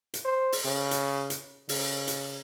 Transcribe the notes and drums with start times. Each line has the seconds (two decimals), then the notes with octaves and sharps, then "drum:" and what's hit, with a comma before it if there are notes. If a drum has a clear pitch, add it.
0.14 drum: hi-hat
0.25 C5
0.52 drum: open hi-hat
0.65 C#3
0.91 drum: hi-hat
1.30 drum: hi-hat
1.69 C#3, drum: open hi-hat
2.08 drum: hi-hat